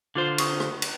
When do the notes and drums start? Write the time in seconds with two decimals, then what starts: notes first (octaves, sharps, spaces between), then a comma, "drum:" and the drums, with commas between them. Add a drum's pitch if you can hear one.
0.15 D3 F4 C5 D6
0.38 C#6 D#6, drum: cymbal
0.60 drum: rim click
0.82 drum: cymbal